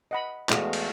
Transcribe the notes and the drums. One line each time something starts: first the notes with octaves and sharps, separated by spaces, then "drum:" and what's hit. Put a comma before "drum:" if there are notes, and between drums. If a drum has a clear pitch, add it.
D#5 F#5 B5
E2 G#2 G#3 A3 F#4 F5, drum: clap
drum: cymbal